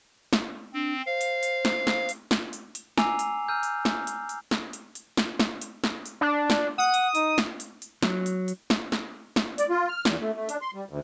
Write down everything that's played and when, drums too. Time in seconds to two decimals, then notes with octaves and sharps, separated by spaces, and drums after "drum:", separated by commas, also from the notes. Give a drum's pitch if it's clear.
0.33 drum: snare
0.74 C4 D4
1.06 C5 F5
1.21 drum: hi-hat
1.43 drum: hi-hat
1.65 drum: snare
1.87 drum: snare
2.09 drum: hi-hat
2.31 drum: snare
2.53 drum: hi-hat
2.75 drum: hi-hat
2.98 G#5 A#5 D6 E6 C7 F7, drum: snare
3.19 drum: hi-hat
3.48 G#5 A#5 E6 F6 G6
3.63 drum: hi-hat
3.85 drum: snare
4.07 drum: hi-hat
4.29 drum: hi-hat
4.51 drum: snare
4.73 drum: hi-hat
4.95 drum: hi-hat
5.17 drum: snare
5.39 drum: snare
5.62 drum: hi-hat
5.84 drum: snare
6.06 drum: hi-hat
6.21 D4
6.50 drum: snare
6.78 F#5 D#6
6.94 drum: hi-hat
7.15 D#4, drum: hi-hat
7.38 drum: snare
7.60 drum: hi-hat
7.82 drum: hi-hat
8.03 F#3, drum: snare
8.26 drum: hi-hat
8.48 drum: hi-hat
8.70 drum: snare
8.92 drum: snare
9.36 drum: snare
9.58 D5, drum: hi-hat
9.70 F4
9.89 F6
10.05 E2, drum: snare
10.20 A3
10.36 A3
10.49 D4, drum: hi-hat
10.61 C6
10.74 G3
10.89 D2